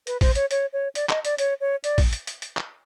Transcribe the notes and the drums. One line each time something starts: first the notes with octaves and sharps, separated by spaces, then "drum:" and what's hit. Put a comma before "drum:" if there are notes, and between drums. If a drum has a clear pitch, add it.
B4, drum: hi-hat
C5, drum: kick, open hi-hat
C#5, drum: hi-hat
C#5, drum: hi-hat
C#5
D5, drum: hi-hat
D#5, drum: clap
D5, drum: hi-hat
C#5, drum: hi-hat
C#5
D5, drum: hi-hat
drum: kick, open hi-hat
drum: hi-hat
drum: hi-hat
drum: hi-hat
drum: clap